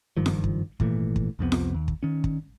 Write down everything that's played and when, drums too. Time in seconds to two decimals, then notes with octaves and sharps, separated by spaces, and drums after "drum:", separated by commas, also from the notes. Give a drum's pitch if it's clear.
0.17 F#1 G2 D#3 F3
0.26 drum: snare F4
0.44 drum: kick
0.80 G#1 A#2 E3 A3, drum: kick
1.16 drum: kick
1.39 C2 F2 C3 B3
1.52 drum: snare F4
1.74 D#2
1.88 drum: kick
2.03 D#3 C#4
2.24 drum: kick